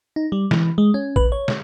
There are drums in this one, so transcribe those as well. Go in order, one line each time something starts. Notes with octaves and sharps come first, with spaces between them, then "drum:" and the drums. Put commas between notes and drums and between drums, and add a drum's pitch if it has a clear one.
D#4
G3
E3, drum: snare
G#3
C#4
B4, drum: kick A#1
C#5
drum: snare